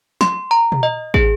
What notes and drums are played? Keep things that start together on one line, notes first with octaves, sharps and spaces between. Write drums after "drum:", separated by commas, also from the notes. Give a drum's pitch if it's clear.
C6, drum: snare
A#5
drum: tom
D#5
G#4, drum: kick